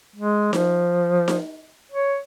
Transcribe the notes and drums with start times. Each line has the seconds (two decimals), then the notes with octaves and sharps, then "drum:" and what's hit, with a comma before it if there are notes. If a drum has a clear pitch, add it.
0.16 G#3
0.53 F3, drum: snare D#4
1.28 drum: snare D#4
1.92 C#5